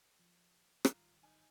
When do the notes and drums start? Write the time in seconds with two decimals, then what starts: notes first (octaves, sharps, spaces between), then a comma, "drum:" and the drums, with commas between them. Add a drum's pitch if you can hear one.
0.19 F3
0.85 G#1 D#3 G3 F4 A#5, drum: rim click
1.23 D#4 G#5 F6